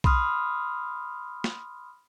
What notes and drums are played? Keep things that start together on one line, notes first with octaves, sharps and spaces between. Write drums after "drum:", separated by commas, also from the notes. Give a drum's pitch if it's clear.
B5 C6 D#6 F6, drum: kick B1
drum: snare